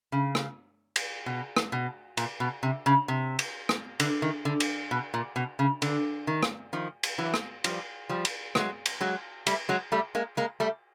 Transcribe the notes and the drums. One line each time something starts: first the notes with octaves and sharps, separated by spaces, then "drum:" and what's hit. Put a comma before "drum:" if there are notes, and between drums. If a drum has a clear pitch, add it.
C#3
drum: rim click
drum: cymbal
B2
drum: rim click
B2
A#2, drum: cymbal
B2
C3
C#3
C3
drum: cymbal
drum: rim click
D3, drum: cymbal
D#3
D3
drum: cymbal
B2
A#2
B2
C#3
D3, drum: cymbal
D#3
drum: rim click
D#3 F3
drum: cymbal
E3 F#3
drum: rim click
F3 G3, drum: cymbal
F3 G3
drum: cymbal
F#3 G#3, drum: rim click
drum: cymbal
F#3 G#3
G3 A3, drum: cymbal
F#3 G#3
G3 A3
G#3 A#3
G#3 A#3
G3 A3